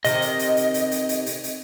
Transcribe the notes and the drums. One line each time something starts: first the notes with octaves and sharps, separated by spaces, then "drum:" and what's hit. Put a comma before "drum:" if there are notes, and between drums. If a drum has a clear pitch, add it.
C3 D#3 D#5, drum: hi-hat
drum: hi-hat
drum: hi-hat
drum: hi-hat
drum: hi-hat
drum: hi-hat
drum: hi-hat
drum: hi-hat
drum: hi-hat